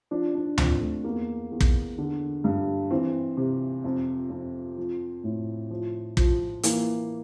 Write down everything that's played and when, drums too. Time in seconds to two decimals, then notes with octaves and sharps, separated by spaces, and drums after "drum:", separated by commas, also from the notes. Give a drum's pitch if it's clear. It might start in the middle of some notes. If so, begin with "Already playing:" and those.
0.11 F3 D4
0.35 D4
0.58 F3 C4, drum: tom D2
0.81 A3
1.04 E2 A#3
1.51 E2
1.61 drum: kick
1.98 D3
2.44 G2
2.91 E3 C4
3.37 C3
3.84 F2
4.30 F2
4.78 F3
5.24 A2
5.71 F3
6.17 F3, drum: kick
6.63 E3 A#3, drum: hi-hat